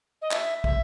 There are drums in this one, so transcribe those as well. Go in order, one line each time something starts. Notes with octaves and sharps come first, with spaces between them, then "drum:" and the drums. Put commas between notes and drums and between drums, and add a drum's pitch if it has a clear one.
D#5
E5, drum: clap
E5, drum: kick